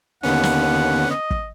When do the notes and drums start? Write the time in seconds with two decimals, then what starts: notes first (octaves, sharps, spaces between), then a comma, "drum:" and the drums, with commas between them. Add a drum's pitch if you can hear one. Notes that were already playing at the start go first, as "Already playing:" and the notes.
0.23 D#2 D3 B3 C#4 F#5
0.43 drum: snare
1.11 D#5
1.31 drum: kick